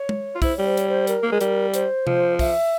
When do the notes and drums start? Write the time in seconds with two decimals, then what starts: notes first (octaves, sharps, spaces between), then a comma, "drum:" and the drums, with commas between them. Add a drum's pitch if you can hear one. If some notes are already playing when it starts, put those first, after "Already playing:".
Already playing: C#5
0.09 drum: tom G#3
0.35 F4
0.42 E4 C5, drum: kick, open hi-hat
0.54 G3 C#5
0.66 C5
0.77 C#5, drum: hi-hat
0.89 C5
1.07 A#4, drum: hi-hat
1.23 A#3
1.32 G#3
1.41 G3, drum: hi-hat
1.74 C5, drum: hi-hat
2.07 F3, drum: tom C3
2.39 E5, drum: kick, open hi-hat